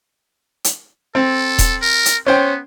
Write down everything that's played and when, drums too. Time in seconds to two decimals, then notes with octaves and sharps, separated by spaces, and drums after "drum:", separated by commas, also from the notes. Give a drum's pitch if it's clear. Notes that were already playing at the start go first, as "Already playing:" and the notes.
0.64 drum: hi-hat
1.15 C4 A4
1.58 drum: kick D#1, hi-hat
1.82 A#4
2.05 drum: hi-hat
2.26 B3 C#4 C5 G5